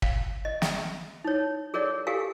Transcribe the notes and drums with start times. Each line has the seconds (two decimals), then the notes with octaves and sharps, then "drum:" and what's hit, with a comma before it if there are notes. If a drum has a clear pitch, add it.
0.02 F5, drum: kick
0.45 D#5
0.62 drum: snare
1.24 D#4 C#5
1.74 G#4 A#4 C#5 D5 F#5
2.07 G4 A4 A#4 F5 G#5